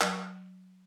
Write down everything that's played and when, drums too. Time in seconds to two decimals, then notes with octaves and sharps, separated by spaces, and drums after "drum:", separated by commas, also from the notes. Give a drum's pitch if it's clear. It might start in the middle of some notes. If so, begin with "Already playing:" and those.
0.01 F#3, drum: clap